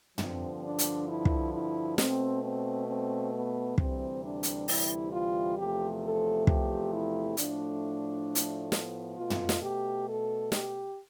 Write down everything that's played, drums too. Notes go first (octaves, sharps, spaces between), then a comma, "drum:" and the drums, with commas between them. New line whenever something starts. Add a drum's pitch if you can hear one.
G2 D3 F3 C4, drum: tom
D4
drum: hi-hat
E4
drum: kick
E4
B2 A3 C4, drum: snare
C4
C4
B3
D2 C3 E3 G3 C4, drum: kick
D4
drum: hi-hat
E4, drum: open hi-hat
F4
E2 C3 F3 A3 G4
A4
G4, drum: kick
E4
A2 F3 A3 D4, drum: hi-hat
drum: hi-hat
B3, drum: snare
B2 A3 F4
drum: tom
drum: snare
G4
A4
G4, drum: snare